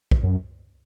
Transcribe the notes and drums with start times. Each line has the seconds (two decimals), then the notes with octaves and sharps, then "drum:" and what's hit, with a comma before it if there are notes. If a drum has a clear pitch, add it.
0.11 drum: kick
0.23 F#2